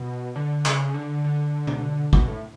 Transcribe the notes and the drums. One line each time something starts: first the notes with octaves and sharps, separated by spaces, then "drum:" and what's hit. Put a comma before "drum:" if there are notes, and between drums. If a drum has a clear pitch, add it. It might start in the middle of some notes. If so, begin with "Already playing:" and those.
Already playing: B2
D3
C#3, drum: clap
D3
D3
drum: tom B2
B2, drum: kick
A2